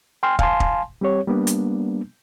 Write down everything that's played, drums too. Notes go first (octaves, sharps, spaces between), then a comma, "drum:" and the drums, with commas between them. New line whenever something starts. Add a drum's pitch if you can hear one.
G5 G#5 C6 F6
F5 G#5 A5 C6, drum: kick
drum: kick
G3 C4 G4 C#5
G3 A#3 B3 D4
drum: hi-hat